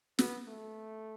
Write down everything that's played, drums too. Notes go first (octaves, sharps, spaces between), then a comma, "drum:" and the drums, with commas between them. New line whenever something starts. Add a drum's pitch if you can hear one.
B3, drum: snare
A3